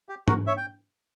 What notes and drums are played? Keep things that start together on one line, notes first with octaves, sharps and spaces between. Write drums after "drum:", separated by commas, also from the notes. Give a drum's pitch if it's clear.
G4
F#4 A#4, drum: tom G#2
C#5 E5
G5